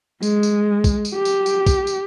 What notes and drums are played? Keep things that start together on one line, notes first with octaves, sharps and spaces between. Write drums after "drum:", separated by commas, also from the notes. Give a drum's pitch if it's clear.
G#3, drum: tambourine
drum: tambourine
drum: kick, tambourine
drum: tambourine
G4
drum: tambourine
drum: tambourine
drum: kick, tambourine
drum: tambourine